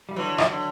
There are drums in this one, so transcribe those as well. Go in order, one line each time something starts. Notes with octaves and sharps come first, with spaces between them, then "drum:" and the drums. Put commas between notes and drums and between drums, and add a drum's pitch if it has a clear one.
G3
D3 E3 F#3
drum: rim click
D3